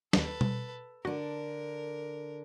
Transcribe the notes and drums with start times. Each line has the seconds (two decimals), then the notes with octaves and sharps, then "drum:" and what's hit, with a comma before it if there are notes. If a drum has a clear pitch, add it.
0.13 D#2 A4 B4 D#5, drum: snare
0.41 drum: tom B2
1.05 D3 D4 F#4 A#4